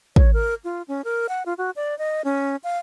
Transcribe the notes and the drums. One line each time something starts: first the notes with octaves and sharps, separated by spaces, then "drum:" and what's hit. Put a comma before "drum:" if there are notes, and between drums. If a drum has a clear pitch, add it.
C#5, drum: kick
A#4
F4
C#4
A#4
F#5
F4
F#4
D5
D#5
C#4
F5